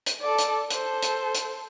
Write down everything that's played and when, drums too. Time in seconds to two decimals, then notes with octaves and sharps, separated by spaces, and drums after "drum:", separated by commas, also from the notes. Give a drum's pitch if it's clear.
0.06 drum: hi-hat
0.22 A4 D5
0.38 drum: hi-hat
0.71 A4 C5, drum: hi-hat
1.03 drum: hi-hat
1.35 drum: hi-hat